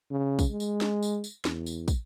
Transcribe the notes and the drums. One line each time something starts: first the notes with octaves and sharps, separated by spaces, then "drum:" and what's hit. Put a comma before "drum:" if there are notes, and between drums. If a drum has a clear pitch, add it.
C#3
drum: kick, tambourine
G#3
drum: tambourine
drum: snare
drum: tambourine
drum: tambourine
E2, drum: snare
drum: tambourine
drum: kick, tambourine